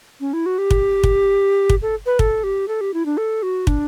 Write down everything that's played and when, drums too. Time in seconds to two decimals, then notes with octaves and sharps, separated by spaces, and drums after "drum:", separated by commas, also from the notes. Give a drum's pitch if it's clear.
0.21 C#4
0.33 E4
0.46 F#4
0.58 G4
0.71 drum: kick
1.04 drum: kick
1.70 drum: kick
1.82 A4
2.06 B4
2.19 A4, drum: kick
2.44 G4
2.68 A4
2.81 G4
2.94 E4
3.06 D4
3.17 A4
3.43 F#4
3.67 D4, drum: kick